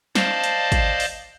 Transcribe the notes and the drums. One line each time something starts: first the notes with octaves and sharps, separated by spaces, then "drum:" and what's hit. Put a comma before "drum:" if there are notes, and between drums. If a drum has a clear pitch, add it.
C5 D5 D#5 F5 A5, drum: snare
drum: hi-hat
drum: kick, hi-hat
drum: open hi-hat